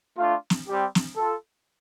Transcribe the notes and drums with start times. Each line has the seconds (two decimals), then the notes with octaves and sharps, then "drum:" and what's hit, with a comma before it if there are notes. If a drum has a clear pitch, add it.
0.18 A3 D4 F4
0.50 drum: snare
0.67 G3 C4 G4
0.95 drum: snare
1.16 F4 A4